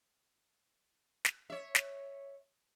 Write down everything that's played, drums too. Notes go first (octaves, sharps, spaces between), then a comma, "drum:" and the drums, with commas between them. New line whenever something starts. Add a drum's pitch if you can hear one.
drum: snare
C#5 E5
drum: snare